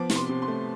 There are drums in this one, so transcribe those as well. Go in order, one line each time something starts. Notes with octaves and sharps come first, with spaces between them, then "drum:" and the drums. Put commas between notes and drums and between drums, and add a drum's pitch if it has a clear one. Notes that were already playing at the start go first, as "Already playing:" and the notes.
Already playing: F3 B3 D6
C3, drum: snare
C6
C3
C6
A3